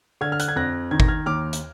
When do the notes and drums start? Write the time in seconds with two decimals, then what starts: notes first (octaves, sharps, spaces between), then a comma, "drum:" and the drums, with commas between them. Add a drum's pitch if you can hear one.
0.21 D3 F6 G#6
0.32 F6
0.40 F#6, drum: hi-hat
0.48 G#6
0.56 F2 F#6 A#6
0.91 D#3 G#6
1.00 A#6, drum: kick G1
1.08 F6 G#6
1.26 D#2 D6 F6
1.53 drum: hi-hat